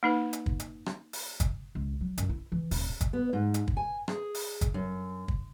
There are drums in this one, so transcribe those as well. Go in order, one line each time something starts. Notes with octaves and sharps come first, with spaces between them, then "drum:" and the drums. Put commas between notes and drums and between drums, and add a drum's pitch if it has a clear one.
A#3 D#4 B4
drum: hi-hat
drum: kick
drum: hi-hat
drum: rim click
drum: open hi-hat
drum: kick, hi-hat
C#2
F#3
F#2, drum: hi-hat
E4
E3
D#1, drum: open hi-hat
drum: kick, hi-hat
B3
G#2
drum: hi-hat
drum: kick
G#5
G#4, drum: rim click
drum: open hi-hat
drum: kick, hi-hat
F#2
drum: kick